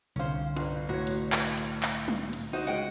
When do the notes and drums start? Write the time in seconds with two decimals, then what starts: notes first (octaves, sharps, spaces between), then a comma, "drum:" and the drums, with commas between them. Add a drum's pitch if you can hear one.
0.16 C2 D3 C#4 C5 F5
0.57 G1, drum: hi-hat
0.89 A2 F#4 C#5
1.07 drum: hi-hat
1.32 drum: clap
1.57 drum: hi-hat
1.83 drum: clap
2.08 drum: tom
2.33 drum: hi-hat
2.53 D#4 F#4 C5 D#5
2.67 C#3 G#3 F#5 G5